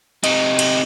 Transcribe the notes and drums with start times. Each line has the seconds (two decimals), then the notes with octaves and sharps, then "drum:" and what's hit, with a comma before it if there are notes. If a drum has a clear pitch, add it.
0.24 C3 D#4, drum: cymbal
0.59 drum: cymbal